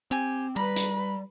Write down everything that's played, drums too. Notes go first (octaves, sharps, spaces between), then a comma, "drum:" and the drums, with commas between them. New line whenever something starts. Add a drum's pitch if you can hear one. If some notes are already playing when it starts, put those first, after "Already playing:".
C4 G4 G#5
G3 B4 A#5 B5
drum: hi-hat